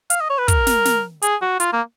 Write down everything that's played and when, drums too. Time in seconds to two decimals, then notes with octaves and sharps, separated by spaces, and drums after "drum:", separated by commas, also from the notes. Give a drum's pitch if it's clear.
0.10 F5, drum: hi-hat
0.20 D#5
0.30 C#5
0.39 B4
0.48 A#4, drum: kick, hi-hat
0.67 drum: snare
0.85 drum: snare
1.22 G#4, drum: hi-hat
1.42 F#4
1.60 F4, drum: hi-hat
1.73 A#3